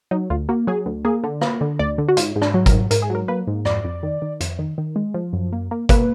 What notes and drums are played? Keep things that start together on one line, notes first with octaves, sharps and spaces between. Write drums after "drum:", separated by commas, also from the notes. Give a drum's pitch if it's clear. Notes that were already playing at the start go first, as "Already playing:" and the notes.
F#3 D#4
D2 F4
A#3 F#4
F#3 G#4
D2
A#3 G#4
D3
A#3 B4, drum: rim click
D3
D2 D5
D3
F#4
G#2 F4, drum: hi-hat
G#2
D4, drum: rim click
F#3
A#4, drum: kick, hi-hat
G#2
G#2 A#4, drum: hi-hat
G#4
F#3 A#4
A#3 B4
G#2
F2 D5, drum: rim click
F2
D#3
D#3
F2, drum: hi-hat
D#3
D#3
G#3
F3
F#2
A#3
A#3
A#3 B4, drum: kick, hi-hat